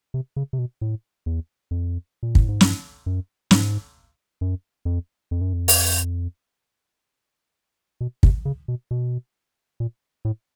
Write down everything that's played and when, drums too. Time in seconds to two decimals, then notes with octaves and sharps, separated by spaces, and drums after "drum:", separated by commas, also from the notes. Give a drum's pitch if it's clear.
0.14 C3
0.36 C#3
0.53 C3
0.59 B2
0.81 A2
1.26 E2
1.71 F2
2.23 A#2
2.35 A2, drum: kick
2.48 G#2
2.61 G2, drum: snare
3.06 F#2
3.51 G#2, drum: snare
4.41 F#2
4.85 F2
5.31 F2
5.41 F#2
5.53 F2
5.68 drum: open hi-hat
8.01 B2
8.23 C3, drum: kick
8.45 C#3
8.68 B2
8.91 B2
9.80 A#2
10.25 A2